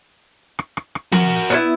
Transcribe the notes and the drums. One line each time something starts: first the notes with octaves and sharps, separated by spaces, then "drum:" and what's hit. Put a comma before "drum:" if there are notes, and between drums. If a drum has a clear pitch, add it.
drum: rim click
drum: rim click
drum: rim click
F#4 A#4, drum: tom F3
B3 C#4 E4